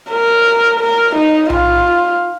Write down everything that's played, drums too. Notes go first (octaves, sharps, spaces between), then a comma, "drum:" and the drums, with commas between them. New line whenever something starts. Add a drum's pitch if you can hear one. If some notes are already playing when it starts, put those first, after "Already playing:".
A#4
A#4
D#4
F4, drum: tom B1